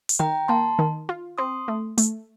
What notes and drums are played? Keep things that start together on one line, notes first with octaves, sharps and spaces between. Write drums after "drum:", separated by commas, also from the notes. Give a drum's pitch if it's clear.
drum: hi-hat
D#3 G5 A#5
A#3 A5 C6
D#3
F4
C4 C6 D#6
A3
A3, drum: hi-hat